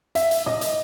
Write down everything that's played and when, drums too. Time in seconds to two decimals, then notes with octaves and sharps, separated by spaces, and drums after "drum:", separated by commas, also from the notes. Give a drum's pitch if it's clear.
0.15 E5, drum: hi-hat
0.31 drum: hi-hat
0.46 D#5, drum: tom
0.61 drum: hi-hat